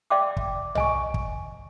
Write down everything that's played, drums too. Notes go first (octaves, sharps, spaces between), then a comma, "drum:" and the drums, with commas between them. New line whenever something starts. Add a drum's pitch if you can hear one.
D5 E5 F5 G5 C6 D6
drum: kick
D#5 G#5 C#6, drum: tom
drum: kick